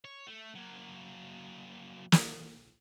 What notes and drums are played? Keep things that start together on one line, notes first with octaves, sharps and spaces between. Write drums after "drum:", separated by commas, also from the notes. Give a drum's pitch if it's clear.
C#5
A3
F#3 A#3
drum: snare